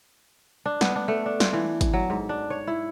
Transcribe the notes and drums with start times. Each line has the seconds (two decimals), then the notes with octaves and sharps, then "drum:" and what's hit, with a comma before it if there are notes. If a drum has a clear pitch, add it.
0.65 D4
0.81 B3, drum: snare
0.95 D4
1.08 A3
1.26 D4
1.40 F4, drum: snare
1.53 E3
1.81 drum: kick, hi-hat
1.93 F#3
2.10 G#2
2.29 D4
2.50 C#5
2.67 E4